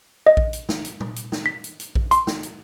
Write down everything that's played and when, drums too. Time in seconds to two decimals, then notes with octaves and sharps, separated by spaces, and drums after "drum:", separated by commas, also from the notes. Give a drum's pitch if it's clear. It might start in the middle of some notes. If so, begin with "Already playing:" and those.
0.27 D#5
0.37 drum: kick A#1
0.53 drum: hi-hat
0.69 drum: snare
0.85 drum: hi-hat
1.00 drum: tom A#2
1.16 drum: hi-hat
1.32 drum: snare
1.46 B6
1.64 drum: hi-hat
1.80 drum: hi-hat
1.95 drum: kick A#1
2.11 C6, drum: hi-hat
2.27 drum: snare
2.43 drum: hi-hat